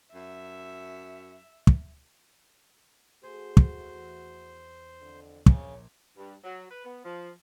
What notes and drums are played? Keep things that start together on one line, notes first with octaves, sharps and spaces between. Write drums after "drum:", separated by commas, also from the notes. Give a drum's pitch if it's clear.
F#2 E5
drum: kick
A3 F#4 G#4 C5
drum: kick
E2
F2 D3
A#1 C#3 C#5, drum: kick
G2
F#3
B4
B3
F3